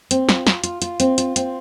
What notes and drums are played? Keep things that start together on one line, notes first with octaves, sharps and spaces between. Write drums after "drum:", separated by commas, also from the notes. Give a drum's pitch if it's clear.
C4, drum: hi-hat
F4, drum: snare
F4, drum: snare
F4, drum: hi-hat
F4, drum: hi-hat
C4, drum: hi-hat
F4, drum: hi-hat
C4, drum: hi-hat